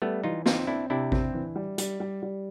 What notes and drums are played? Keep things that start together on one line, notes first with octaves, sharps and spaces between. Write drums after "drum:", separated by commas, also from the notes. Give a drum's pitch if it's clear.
G3 A3 B3
E3 D#4 F4
C4 D#4 F4, drum: snare
C4 D4 E4
C3 D4 E4
C4, drum: kick A1
E3
G3
G3, drum: hi-hat
G3
G3